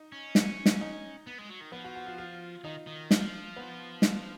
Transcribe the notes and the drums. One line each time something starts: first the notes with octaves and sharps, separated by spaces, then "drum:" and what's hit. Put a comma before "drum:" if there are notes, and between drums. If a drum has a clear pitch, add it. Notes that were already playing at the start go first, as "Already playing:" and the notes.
Already playing: D#4
C#4
drum: snare
drum: snare
D#4
B3
G#3
F#3
D#3
F3 B3
F#4
F#4
F4
F4
D#3 D#4
D#3
F3, drum: snare
B3
drum: snare